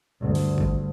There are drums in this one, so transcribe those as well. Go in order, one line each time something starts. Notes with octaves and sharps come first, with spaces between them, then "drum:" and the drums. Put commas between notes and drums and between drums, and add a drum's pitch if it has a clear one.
D2 G2
drum: open hi-hat
drum: kick G#1